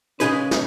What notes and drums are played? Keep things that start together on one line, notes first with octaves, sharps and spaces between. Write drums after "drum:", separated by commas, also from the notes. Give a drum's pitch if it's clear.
C#3 G#3 C#4 D#4 G#4 B4, drum: hi-hat
drum: snare